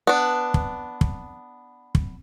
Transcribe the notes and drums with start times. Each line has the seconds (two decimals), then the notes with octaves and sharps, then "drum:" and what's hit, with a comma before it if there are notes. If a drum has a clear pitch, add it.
0.07 B3 D4
0.54 drum: kick
1.01 drum: kick
1.95 drum: kick